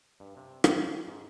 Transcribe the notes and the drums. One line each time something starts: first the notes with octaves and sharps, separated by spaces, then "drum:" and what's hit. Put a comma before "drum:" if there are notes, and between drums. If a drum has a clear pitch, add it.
G2
C3
D4, drum: rim click
C#4
G#2